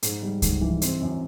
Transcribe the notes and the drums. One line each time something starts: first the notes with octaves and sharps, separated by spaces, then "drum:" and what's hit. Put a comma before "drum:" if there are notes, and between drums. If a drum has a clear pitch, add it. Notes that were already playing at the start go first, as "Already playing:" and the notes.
G#2, drum: hi-hat
G3
G#2, drum: kick C#2, hi-hat
E3
C4, drum: hi-hat
F#2